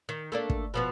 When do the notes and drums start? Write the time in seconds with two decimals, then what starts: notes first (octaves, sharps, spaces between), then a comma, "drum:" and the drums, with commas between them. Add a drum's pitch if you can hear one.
0.09 D#3
0.32 A3 A#3 D4
0.50 drum: kick
0.74 B2 F3 B3